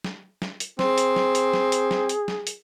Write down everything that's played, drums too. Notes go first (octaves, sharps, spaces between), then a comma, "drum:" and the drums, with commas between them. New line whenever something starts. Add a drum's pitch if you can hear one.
drum: snare
drum: snare
drum: hi-hat
C4 G#4, drum: snare
drum: hi-hat
drum: snare
drum: hi-hat
drum: snare
drum: hi-hat
drum: snare
drum: hi-hat
drum: snare
drum: hi-hat